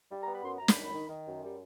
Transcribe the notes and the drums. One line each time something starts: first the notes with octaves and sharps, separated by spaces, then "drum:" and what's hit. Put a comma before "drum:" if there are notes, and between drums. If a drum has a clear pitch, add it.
G3
B3 A#5
B5
F#2 C6
F#2 A#5
B5, drum: snare
D#3
D#3
D#3
F#2
G3